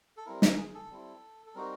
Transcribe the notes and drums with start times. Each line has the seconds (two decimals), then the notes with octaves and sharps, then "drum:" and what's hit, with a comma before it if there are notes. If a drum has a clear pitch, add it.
0.17 A4
0.26 G3 C4 E4 A#4
0.42 drum: snare
0.58 G#4
0.74 A4
0.91 G3 C4 E4
1.46 A4
1.54 G3 C4 D#4 F#4 A#4